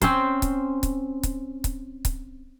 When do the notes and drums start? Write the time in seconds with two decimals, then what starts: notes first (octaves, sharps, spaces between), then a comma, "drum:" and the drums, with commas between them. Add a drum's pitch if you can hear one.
0.02 C4 C#4 C5, drum: kick C#1, hi-hat
0.42 drum: kick C#1, hi-hat
0.83 drum: kick C#1, hi-hat
1.23 drum: kick C#1, hi-hat
1.64 drum: kick C#1, hi-hat
2.05 drum: kick C#1, hi-hat